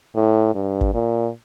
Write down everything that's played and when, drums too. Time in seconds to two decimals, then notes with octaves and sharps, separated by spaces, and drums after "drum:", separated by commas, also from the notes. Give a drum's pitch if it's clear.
0.15 A2
0.55 G2
0.81 drum: kick
0.94 A#2